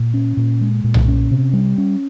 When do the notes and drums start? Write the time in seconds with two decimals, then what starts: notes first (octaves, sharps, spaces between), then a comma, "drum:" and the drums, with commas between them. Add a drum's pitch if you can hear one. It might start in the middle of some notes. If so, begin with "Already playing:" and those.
Already playing: A#2
0.14 C#4
0.37 A#2
0.61 G#3
0.84 A#2
0.94 drum: tom B1
1.08 C#4
1.31 C3
1.53 G3
1.78 C#4